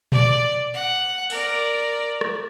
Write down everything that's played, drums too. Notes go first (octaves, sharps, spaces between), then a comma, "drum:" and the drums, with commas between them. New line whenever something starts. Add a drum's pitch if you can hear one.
D5, drum: tom A#2
F#5
A#4 D5, drum: open hi-hat
drum: rim click